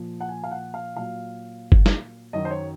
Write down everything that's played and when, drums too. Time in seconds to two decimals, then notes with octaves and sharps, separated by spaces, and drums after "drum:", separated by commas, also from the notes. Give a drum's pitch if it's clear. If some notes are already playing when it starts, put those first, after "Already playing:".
Already playing: A#2 F3
0.21 F#5
0.29 G#5
0.44 F5
0.51 F#5
0.74 F5
0.97 A#2 F#3 F5
1.72 drum: kick F#1
1.86 drum: snare
2.33 F#2 D#3 F#3 D#5
2.45 C5
2.51 C#5